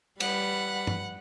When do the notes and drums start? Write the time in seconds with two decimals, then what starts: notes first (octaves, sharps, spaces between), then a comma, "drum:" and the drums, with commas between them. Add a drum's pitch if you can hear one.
0.20 G3 B4 F#5, drum: cymbal
0.87 drum: tom G2